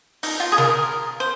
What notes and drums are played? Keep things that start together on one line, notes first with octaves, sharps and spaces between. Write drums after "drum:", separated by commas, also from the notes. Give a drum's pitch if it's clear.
D#4, drum: open hi-hat
F4
G#4
A#4, drum: snare
C5